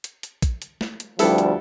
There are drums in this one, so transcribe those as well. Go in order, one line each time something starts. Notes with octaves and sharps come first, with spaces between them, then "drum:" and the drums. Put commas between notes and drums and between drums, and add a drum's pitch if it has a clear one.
drum: hi-hat
drum: hi-hat
drum: kick A#1, hi-hat
drum: hi-hat
drum: snare
drum: hi-hat
D2 F3 G3 B3 E4 A4, drum: open hi-hat
drum: hi-hat